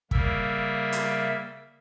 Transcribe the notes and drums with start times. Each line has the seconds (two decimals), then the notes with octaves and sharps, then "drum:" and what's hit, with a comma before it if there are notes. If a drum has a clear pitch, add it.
0.11 C#3 G3 A#3 A#4 E5 E6, drum: kick
0.92 drum: hi-hat